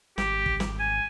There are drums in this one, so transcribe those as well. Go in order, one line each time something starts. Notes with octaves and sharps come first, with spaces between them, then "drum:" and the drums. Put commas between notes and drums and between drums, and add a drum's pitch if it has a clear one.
G#1 G4, drum: snare
drum: kick
drum: snare
G#5